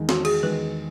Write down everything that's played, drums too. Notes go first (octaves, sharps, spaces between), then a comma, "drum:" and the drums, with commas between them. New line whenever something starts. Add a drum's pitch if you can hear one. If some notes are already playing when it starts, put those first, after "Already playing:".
Already playing: E2 D#3 G#3
F#4, drum: snare
G#4, drum: cymbal
E2 D#3 G#3 B4